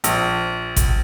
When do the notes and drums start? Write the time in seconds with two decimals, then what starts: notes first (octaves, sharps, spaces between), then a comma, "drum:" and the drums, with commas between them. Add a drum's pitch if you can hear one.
0.04 A#1, drum: hi-hat
0.76 drum: kick, hi-hat